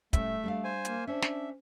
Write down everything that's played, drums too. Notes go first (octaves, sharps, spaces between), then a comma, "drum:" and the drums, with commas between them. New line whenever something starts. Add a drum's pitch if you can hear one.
A2 G3 A3 C#4 E5, drum: kick, hi-hat
G3 D4 F5
C5 G#5
A#3, drum: hi-hat
C#4 D4 C5 E5
drum: snare